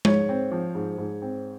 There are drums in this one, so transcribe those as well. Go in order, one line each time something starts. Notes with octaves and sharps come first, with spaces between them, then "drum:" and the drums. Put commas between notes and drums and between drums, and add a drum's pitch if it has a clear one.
G#2 C#5, drum: tom G#3
C4
F3
G#2
G#2
C4